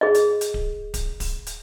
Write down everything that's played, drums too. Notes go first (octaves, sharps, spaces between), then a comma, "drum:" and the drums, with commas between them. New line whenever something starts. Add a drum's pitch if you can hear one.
G#4 D#5
drum: hi-hat
drum: hi-hat
drum: kick D1
drum: kick D1, hi-hat
drum: kick D1, open hi-hat
drum: hi-hat